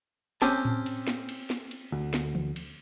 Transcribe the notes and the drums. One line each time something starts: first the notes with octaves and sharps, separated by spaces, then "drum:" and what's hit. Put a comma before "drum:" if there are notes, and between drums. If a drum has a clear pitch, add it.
C4 C#4 G4 G#5 A5, drum: snare
drum: tom A2
drum: cymbal
drum: snare
drum: cymbal
drum: snare
drum: cymbal
D2
drum: snare
drum: tom E3
drum: cymbal